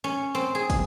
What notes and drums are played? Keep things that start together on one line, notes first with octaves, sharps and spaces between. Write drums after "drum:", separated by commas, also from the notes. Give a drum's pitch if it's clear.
C#4
C4
G#4
drum: kick, hi-hat